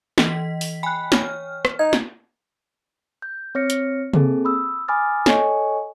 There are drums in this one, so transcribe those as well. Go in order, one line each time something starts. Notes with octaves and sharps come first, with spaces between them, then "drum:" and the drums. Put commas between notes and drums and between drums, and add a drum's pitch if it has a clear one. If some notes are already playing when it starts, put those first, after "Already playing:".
E3 D#5 B6, drum: snare
drum: open hi-hat
G5 G#5 B5 F#6
C#5 F6, drum: snare
drum: rim click
D#4 G#6
drum: snare
G6
C4 C#5 F6 A#6 C#7
drum: hi-hat
A#3 C4 G#4 A4, drum: tom C3
B5 D#6 E6
G#5 B5 D6 D#6 F6 A6
A4 C#5 D#5 G#5 C#6, drum: snare